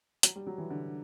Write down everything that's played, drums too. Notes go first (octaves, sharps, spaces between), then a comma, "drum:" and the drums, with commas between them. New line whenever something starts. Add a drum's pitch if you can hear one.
F#3, drum: hi-hat
G3
F#3
E3
D3